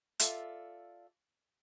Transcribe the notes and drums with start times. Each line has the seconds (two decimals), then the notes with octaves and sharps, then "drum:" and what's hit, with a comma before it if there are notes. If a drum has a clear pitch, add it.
0.20 F4 A4 D5 E5, drum: hi-hat